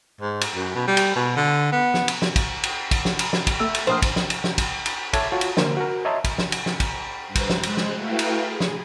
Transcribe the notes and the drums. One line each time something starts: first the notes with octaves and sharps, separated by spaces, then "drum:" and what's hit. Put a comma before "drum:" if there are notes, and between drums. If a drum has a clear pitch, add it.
G#2
drum: cymbal
F#2
B2
G3
drum: cymbal
B2
D3
B3
drum: snare
drum: cymbal
drum: snare
drum: kick, cymbal
drum: cymbal
drum: kick, cymbal
drum: snare
drum: cymbal
drum: snare
drum: kick, cymbal
A3 E6
drum: cymbal
A#1 C5 D#6 F6
drum: kick, cymbal
drum: snare
drum: cymbal
drum: snare
drum: kick, cymbal
drum: cymbal
A4 C#5 E5 A5 D6 G#6, drum: kick, cymbal
F4 F#4 C#5 A5
drum: cymbal
D3 A#3 A#4 C5, drum: snare
F#4 A#4
C#5 D#5 E5 A5 A#5 C6
drum: kick, cymbal
drum: snare
drum: cymbal
drum: snare
drum: kick, cymbal
G2 B4 C5
drum: kick, cymbal
drum: snare
G#3 C5 F#6, drum: cymbal
drum: snare
A3 E4 F#4 B4 F5 G5
drum: cymbal
G#4
drum: snare